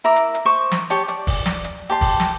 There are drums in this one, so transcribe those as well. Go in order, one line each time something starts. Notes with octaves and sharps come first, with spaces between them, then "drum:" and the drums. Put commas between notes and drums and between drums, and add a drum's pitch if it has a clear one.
E4 A#4 A#5 D6
drum: hi-hat
drum: hi-hat
C5 C#6 D6
drum: snare
G4 C#5 A5, drum: hi-hat
D5, drum: hi-hat
drum: kick, open hi-hat
drum: snare
drum: hi-hat
G4 A5 C6
drum: kick, open hi-hat
drum: snare